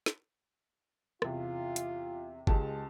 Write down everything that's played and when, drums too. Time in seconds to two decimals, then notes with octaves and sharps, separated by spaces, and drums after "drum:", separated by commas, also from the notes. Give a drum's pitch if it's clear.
0.06 drum: snare
1.22 E2 C3 F4, drum: rim click
1.76 drum: hi-hat
2.47 C#2 G#3 G4 A5, drum: kick G#1